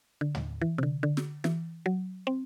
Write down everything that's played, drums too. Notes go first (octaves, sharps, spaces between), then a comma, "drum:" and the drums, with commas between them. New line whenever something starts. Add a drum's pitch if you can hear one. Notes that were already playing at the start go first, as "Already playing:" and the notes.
D3
drum: tom
E3
C3
D3
D3
drum: snare
E3, drum: snare
F#3
C4